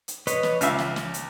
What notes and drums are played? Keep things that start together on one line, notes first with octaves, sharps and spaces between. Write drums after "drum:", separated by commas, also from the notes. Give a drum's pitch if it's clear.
drum: hi-hat
B4 C#5 D#5, drum: hi-hat
drum: snare
C#2 E5 F5 F6, drum: hi-hat
drum: snare
drum: snare
drum: hi-hat